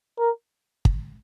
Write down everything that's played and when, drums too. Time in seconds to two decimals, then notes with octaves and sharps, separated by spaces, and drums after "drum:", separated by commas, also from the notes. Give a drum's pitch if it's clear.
0.19 A#4
0.85 drum: kick